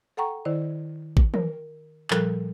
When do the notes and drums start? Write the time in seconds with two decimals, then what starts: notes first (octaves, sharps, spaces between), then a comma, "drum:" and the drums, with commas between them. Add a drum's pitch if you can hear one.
0.17 A4 F#5 G5 A#5 C#6
0.45 D#3 E4 C5 D5
1.17 drum: kick
1.34 A#4, drum: tom
2.10 A#2 F3 G3 A4 A#4 F#6, drum: clap